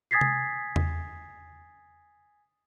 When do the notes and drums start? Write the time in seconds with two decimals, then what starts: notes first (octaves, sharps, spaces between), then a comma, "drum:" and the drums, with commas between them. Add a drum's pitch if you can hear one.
0.11 G#5 D#6 G#6 A6 B6 C7
0.21 drum: tom C3
0.76 drum: tom E2